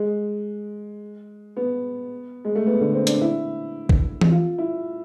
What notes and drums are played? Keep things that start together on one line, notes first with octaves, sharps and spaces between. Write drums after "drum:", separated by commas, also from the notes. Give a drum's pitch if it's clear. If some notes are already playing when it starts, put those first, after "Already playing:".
Already playing: G#3
B3
G#3
A3
B3
D3
C4
D4, drum: hi-hat
E4
drum: kick B1
drum: tom E3
F4
E4